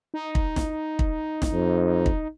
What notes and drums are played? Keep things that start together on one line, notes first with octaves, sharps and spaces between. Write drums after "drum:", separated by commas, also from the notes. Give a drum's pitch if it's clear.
D#4
drum: kick
drum: snare
drum: kick
drum: snare
F2
drum: kick